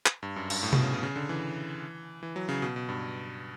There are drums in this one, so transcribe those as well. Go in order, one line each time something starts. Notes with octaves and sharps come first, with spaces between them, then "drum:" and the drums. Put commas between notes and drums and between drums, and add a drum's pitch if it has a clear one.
drum: clap
G2
F#2
G2, drum: cymbal
A2
B2, drum: tom C3
C#3
B2
C#3
D3
E3
E3
F#3
C#3
B2
B2
G2